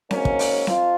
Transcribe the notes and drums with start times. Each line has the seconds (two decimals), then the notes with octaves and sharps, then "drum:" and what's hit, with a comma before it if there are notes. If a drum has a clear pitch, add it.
0.11 G#2 F#3 A#3 C#4, drum: snare C4
0.25 drum: kick
0.39 drum: open hi-hat
0.67 F2 F4, drum: snare C4